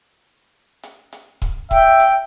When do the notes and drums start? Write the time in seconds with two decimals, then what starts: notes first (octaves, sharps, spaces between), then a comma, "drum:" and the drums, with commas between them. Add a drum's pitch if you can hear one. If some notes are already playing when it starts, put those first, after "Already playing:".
0.83 drum: hi-hat
1.13 drum: hi-hat
1.42 drum: kick C#1, hi-hat
1.71 E5 G5, drum: kick C#1, hi-hat
2.00 drum: hi-hat